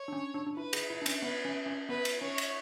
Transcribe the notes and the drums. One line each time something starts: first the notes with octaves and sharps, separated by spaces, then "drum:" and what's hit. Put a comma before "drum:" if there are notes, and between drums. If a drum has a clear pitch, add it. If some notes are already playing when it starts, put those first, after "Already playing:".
Already playing: C#5
D4
C#4
D4
D4
E4 B4
G#4, drum: cymbal
E4
D4
C#4, drum: cymbal
B3 B4
C#4
C#4
B3 B4
drum: cymbal
C#4 C#5
drum: cymbal